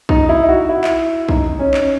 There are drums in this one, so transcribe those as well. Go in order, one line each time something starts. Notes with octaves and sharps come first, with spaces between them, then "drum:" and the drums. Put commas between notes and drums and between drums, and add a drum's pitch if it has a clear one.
D#4, drum: kick A#1
E4
F#4
E4
drum: clap
D#4, drum: kick A#1
C#4
drum: clap